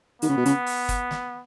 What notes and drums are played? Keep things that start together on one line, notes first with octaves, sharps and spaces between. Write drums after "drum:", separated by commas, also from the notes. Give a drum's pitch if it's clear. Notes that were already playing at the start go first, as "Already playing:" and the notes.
D#3 B3, drum: hi-hat
C#3
B2
C#3, drum: hi-hat
drum: open hi-hat
drum: kick, hi-hat
drum: snare